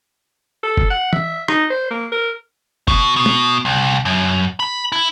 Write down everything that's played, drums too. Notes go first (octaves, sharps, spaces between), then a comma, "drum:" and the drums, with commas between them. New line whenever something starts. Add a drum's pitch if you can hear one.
A4
drum: kick
F#5
E5, drum: tom
D#4, drum: rim click
C5
A#3
A#4
B2, drum: kick
B2
drum: tom
C2
F#2
B5
E4